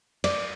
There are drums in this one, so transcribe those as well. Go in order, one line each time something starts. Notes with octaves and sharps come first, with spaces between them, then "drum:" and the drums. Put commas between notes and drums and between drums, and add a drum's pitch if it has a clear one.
D5, drum: cymbal